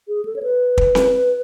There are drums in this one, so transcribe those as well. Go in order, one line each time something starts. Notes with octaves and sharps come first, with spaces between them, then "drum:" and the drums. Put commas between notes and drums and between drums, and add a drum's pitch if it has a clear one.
G#4
A4
C#5
B4
drum: kick
drum: snare C4